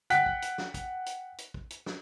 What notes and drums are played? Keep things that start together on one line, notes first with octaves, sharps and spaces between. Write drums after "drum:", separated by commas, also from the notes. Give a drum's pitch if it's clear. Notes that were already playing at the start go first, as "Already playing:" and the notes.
F#5 G5 F#6 B6, drum: hi-hat
drum: kick
drum: hi-hat
drum: snare
drum: kick, hi-hat
drum: hi-hat
drum: hi-hat
drum: kick
drum: hi-hat
drum: snare